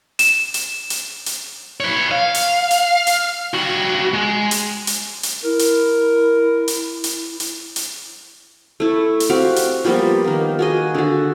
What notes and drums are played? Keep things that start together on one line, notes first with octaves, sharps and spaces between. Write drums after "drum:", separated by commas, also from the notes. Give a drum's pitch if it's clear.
E7, drum: hi-hat
drum: hi-hat
drum: hi-hat
drum: hi-hat
B4 C#5
F5
drum: hi-hat
drum: hi-hat
drum: hi-hat
G3 F#4
G#3
drum: hi-hat
drum: hi-hat
drum: hi-hat
E4 A#4
drum: hi-hat
drum: hi-hat
drum: hi-hat
drum: hi-hat
drum: hi-hat
A3 E4
drum: hi-hat
C4 F#4 G4 F5
drum: hi-hat
F3 G3 A#3 B3
D#3 A#3
F#4 G#4 D#5
D3 F#4